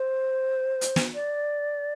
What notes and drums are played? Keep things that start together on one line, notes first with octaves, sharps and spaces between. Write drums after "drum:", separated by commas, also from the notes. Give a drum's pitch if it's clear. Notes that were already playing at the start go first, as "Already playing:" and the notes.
Already playing: C5
drum: hi-hat
drum: snare
D5